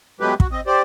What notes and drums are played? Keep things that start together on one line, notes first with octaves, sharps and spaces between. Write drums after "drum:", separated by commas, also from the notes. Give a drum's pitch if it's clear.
B2 F#3 G#3 A3 G4 B4
F#4, drum: kick
C4 D#5
G4 C5 D5